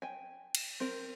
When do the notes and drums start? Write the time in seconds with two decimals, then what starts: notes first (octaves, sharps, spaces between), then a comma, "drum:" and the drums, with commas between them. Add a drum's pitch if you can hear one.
0.02 G5 G#5
0.55 drum: cymbal
0.80 C4 A#4